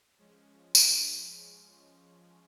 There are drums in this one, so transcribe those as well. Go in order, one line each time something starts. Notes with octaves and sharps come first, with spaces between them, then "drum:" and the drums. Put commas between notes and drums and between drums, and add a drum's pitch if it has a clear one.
F3 G#3 C#4
drum: tambourine